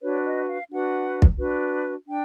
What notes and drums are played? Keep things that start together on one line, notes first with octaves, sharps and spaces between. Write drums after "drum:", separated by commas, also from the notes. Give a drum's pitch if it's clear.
D4 F#4 B4 C#5
D#5
F5
D4 F#4 B4 F#5
drum: kick
D4 F#4 B4
D4 G5